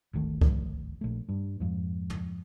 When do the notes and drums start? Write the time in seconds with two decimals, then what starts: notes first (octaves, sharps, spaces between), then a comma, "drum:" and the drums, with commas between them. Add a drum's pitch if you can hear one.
0.13 D1 G#1 D#3 A3
0.41 drum: kick C2
1.01 A#1 A3
1.29 G2
1.60 F2 G#2
2.10 drum: tom